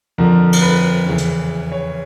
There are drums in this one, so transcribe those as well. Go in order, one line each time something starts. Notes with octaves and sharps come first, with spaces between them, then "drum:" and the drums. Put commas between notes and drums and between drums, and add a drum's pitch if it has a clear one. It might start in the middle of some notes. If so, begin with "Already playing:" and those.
F2 D3 F3 A#4
drum: cymbal
B4
E2 C#3 E3
drum: hi-hat
C#5